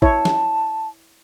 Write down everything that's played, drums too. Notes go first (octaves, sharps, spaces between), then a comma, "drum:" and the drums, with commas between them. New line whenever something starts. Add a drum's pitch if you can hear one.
E4 C#5 A5, drum: kick A1
drum: snare